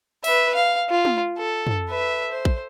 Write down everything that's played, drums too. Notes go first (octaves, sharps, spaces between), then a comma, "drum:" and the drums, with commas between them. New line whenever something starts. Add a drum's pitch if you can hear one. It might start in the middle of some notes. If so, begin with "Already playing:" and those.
B4 E5, drum: open hi-hat
F5
F4
drum: tom
A4
drum: tom
B4 E5
C5
drum: kick